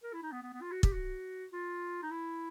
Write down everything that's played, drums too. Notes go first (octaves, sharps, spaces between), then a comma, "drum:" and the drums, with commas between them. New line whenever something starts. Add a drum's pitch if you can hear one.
A#4
E4
D#4
B3
B3
B3
F4
F#4
G4, drum: kick
F#4
F4
D#4
E4